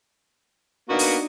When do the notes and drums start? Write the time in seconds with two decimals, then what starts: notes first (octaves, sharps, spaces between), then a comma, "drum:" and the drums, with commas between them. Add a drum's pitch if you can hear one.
0.90 A#3 B3 D4 D#4 F#4
0.99 drum: open hi-hat